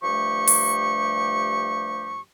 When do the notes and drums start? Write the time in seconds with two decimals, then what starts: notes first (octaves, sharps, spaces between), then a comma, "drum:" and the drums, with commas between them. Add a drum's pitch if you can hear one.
0.03 G2 F3 A3 G4 C#6
0.47 drum: open hi-hat